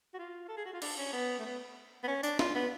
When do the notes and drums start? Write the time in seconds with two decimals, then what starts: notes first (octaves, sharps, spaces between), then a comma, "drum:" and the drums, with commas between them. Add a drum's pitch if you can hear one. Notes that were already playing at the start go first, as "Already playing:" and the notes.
0.14 F#4
0.19 F4
0.49 A4
0.57 G#4
0.66 F#4
0.73 F4
0.82 D4, drum: cymbal
0.97 C#4
1.13 B3
1.39 A3
1.46 B3
2.04 B3
2.08 C#4
2.23 D4, drum: tambourine
2.39 F4, drum: snare
2.55 B3